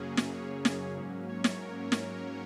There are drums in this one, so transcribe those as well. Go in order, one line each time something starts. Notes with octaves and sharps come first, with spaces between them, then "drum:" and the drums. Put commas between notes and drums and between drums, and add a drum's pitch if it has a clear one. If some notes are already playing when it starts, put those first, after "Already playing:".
Already playing: F#2 C#3 F#3 A#3 C#4 G#4
drum: snare
C#5
drum: snare
G#2 F#3 A#3 C#4
C#5
drum: snare
A#4
drum: snare